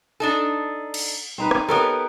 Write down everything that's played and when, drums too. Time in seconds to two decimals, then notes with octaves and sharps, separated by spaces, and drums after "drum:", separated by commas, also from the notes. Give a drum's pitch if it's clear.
0.20 D4 D#4 A4
0.94 drum: cymbal
1.38 C4 D#4 B4
1.51 drum: rim click
1.69 B3 G4 A4 A#4 C#5 D#5